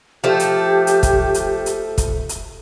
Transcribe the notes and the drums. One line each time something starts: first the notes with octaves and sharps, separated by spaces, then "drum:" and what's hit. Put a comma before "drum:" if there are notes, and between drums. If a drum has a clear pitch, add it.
F3 A3 G4
drum: hi-hat
drum: hi-hat
drum: kick, hi-hat
drum: hi-hat
drum: hi-hat
drum: kick, hi-hat
drum: hi-hat